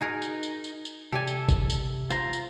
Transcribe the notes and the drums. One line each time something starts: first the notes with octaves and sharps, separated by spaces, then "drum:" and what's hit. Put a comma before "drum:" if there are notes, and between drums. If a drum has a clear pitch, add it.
D#4 F#4 G#4 A#4
drum: tambourine
drum: tambourine
drum: tambourine
drum: tambourine
C3 G4 A4 D5 G#5
drum: tambourine
drum: kick G1, tambourine
drum: tambourine
F4 C5 A#5, drum: tambourine
drum: tambourine